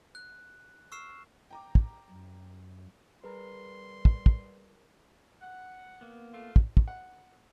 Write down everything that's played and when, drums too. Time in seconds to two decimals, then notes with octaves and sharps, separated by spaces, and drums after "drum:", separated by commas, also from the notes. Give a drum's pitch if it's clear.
0.15 F#6
0.92 C#6 E6 F6 C7 E7
1.50 G5 A#5 D6
1.75 drum: kick
2.10 F#2
3.24 G3 G#4 A#4 B4 A#5 C6
4.05 drum: kick
4.26 drum: kick
5.42 F#5
6.01 A#3 B3
6.32 A3 F4
6.56 drum: kick
6.77 drum: kick
6.88 F#5